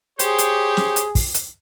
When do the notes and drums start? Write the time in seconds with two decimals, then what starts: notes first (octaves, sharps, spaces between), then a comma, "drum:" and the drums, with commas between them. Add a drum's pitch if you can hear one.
0.19 G4 G#4 C5 C#5, drum: hi-hat
0.38 drum: hi-hat
0.77 drum: snare
0.96 drum: hi-hat
1.15 drum: kick, open hi-hat
1.34 drum: hi-hat